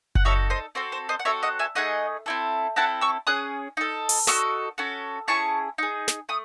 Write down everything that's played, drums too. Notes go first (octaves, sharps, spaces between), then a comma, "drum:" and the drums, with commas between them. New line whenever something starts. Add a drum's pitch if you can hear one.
F#5, drum: kick F#1
D#4 F#4 A4 C#5 E5
C5 D#5
C4 F#4 A4 C5
C5
C5 D#5
F#5
C4 F#4 A4 C#5 E5
D#5 F#5
E5 G#5
A3 D#4 G#4 D#5 F#5
C4 E4 A4
C4 E4 A4 F#5 A5
C#6 E6
C#4 G#4 D#6 F#6
D#4 A4
drum: open hi-hat
D#4 F#4 A4 C#6 E6, drum: snare
C#4 F#4 A4
C#4 E4 G#4 A5 C#6
D#4 G#4
drum: snare
A3 D#6